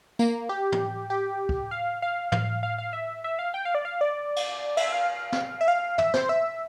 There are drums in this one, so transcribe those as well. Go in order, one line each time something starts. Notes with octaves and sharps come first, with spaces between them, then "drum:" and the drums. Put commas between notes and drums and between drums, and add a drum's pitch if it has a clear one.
A#3, drum: tambourine
G4
drum: tom
G4
drum: kick
F5
F5
F5, drum: tom
F5
F5
E5
E5
F5
G5
F5
D5
F5
D5
drum: cymbal
E5, drum: cymbal
F5
drum: snare
E5
F5
E5, drum: tom
C5, drum: snare
E5